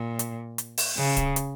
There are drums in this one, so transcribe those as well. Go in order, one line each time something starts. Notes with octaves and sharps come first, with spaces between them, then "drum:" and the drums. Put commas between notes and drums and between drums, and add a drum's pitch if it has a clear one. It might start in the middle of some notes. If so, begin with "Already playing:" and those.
Already playing: A#2
drum: hi-hat
drum: hi-hat
drum: open hi-hat
C#3
drum: kick D1, hi-hat
drum: hi-hat